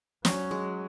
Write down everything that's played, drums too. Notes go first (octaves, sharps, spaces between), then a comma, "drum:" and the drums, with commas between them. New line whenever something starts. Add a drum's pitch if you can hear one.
F#3 C#4, drum: snare
G#3